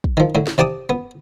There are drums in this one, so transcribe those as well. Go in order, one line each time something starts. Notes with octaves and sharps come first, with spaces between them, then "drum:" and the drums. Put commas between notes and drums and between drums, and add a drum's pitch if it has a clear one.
drum: kick
D#3 F3
A2 D3
drum: snare
C3 D5 G5 A5 D6 D#6
B3